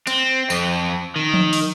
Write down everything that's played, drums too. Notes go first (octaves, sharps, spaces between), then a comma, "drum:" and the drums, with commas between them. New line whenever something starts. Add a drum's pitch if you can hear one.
C4, drum: hi-hat
F2, drum: tambourine
D#3
drum: tom F3
drum: open hi-hat